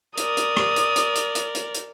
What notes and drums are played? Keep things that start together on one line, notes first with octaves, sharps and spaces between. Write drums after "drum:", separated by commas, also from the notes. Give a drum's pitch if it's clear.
A#4 D5 D#6, drum: hi-hat
drum: hi-hat
drum: rim click
drum: hi-hat
drum: hi-hat
drum: hi-hat
drum: hi-hat
drum: hi-hat
drum: hi-hat